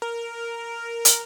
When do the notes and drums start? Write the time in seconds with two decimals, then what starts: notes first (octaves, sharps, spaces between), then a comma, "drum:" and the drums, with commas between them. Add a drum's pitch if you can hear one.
0.02 A#4
1.05 drum: hi-hat